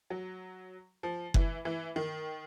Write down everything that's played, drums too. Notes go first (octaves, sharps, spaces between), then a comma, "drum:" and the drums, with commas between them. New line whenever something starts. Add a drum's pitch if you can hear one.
F#3
F3
E3, drum: kick F#1
E3
D#3